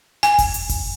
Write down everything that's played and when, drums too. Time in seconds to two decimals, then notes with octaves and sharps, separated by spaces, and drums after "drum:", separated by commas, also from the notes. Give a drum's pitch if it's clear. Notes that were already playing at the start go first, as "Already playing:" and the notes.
0.23 G#5, drum: snare
0.38 drum: kick F1, open hi-hat
0.54 drum: hi-hat
0.69 drum: kick F1, open hi-hat